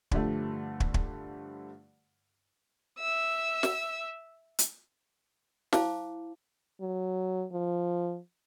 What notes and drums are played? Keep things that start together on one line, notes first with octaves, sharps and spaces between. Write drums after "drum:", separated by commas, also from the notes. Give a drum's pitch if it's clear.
G2 D3 F3 G3 A3, drum: kick
drum: kick
drum: kick
E5 E6
drum: snare
drum: hi-hat
E4 C5 F5 A5 D6, drum: snare
F#3
F3